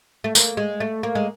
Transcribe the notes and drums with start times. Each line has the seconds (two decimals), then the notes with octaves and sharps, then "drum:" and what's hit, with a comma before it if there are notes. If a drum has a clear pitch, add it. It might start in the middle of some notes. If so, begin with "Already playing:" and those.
0.24 A3
0.35 A#3, drum: tambourine
0.57 G#3
0.80 A3
1.03 A#3
1.15 G#3